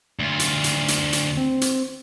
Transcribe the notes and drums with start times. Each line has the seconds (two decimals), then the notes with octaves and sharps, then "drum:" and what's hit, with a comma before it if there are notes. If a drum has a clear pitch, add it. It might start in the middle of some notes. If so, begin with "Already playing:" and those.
0.19 D2 F4
0.39 drum: hi-hat
0.64 drum: hi-hat
0.88 drum: hi-hat
1.13 drum: hi-hat
1.37 C4
1.61 drum: hi-hat